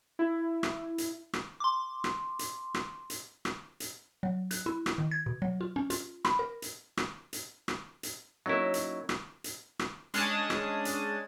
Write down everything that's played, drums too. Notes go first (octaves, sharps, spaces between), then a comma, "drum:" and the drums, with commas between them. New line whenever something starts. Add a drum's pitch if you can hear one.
E4
drum: rim click
drum: hi-hat
drum: rim click
C6 D6
drum: rim click
drum: hi-hat
drum: rim click
drum: hi-hat
drum: rim click
drum: hi-hat
F#3
F#6, drum: hi-hat
E4
drum: rim click
D#3
G#6
B2
F#3
F4
C#4
F4, drum: hi-hat
B5, drum: rim click
A#4
drum: hi-hat
drum: rim click
drum: hi-hat
drum: rim click
drum: hi-hat
F#3 A#3 C#4 D#4 E4
drum: hi-hat
drum: rim click
drum: hi-hat
drum: rim click
G#3 C#4 D4 G#4 A5 D#6, drum: hi-hat
drum: rim click
drum: hi-hat